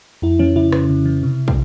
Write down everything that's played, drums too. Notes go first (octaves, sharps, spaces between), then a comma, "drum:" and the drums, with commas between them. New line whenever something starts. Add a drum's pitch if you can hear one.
F2 E4
E3 C#4
C#3 E4
C#3, drum: rim click
C#3
E3
C3
drum: kick